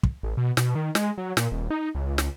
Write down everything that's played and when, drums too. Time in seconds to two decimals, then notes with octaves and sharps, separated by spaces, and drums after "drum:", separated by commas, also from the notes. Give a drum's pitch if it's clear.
0.03 drum: kick
0.23 A1
0.37 B2
0.57 B2, drum: snare
0.75 D#3
0.95 G#3, drum: snare
1.18 F#3
1.37 A#2, drum: snare
1.52 D#1
1.70 D#4
1.95 C#2
2.18 drum: snare